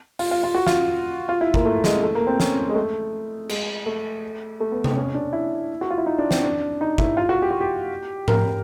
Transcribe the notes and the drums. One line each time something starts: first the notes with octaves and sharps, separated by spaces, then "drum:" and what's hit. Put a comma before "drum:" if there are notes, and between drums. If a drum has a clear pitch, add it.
F4, drum: open hi-hat
F4
F4
F#4
F4, drum: snare
F4
E4
A#3, drum: kick
A3
G#3, drum: snare
A3
A#3
C4
C#4, drum: snare
G#3
A3
G#3, drum: cymbal
A3
A3
B3
C4, drum: tom C3
C#4
D4
E4
F#4
F4
E4
D#4
D4
C4, drum: snare
D4
D#4
E4, drum: kick
F4
F#4
G4
F#4
G4
A#4, drum: tom G#2